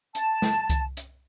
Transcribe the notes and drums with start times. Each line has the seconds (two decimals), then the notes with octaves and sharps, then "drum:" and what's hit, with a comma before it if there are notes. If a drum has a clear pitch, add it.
0.15 A5, drum: hi-hat
0.42 drum: snare
0.70 drum: kick C2, hi-hat
0.97 drum: hi-hat